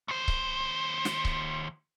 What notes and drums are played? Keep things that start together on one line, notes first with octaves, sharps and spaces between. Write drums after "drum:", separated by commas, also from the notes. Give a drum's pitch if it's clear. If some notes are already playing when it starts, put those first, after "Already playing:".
D#2 C5
drum: kick C#1
drum: snare
drum: kick C#1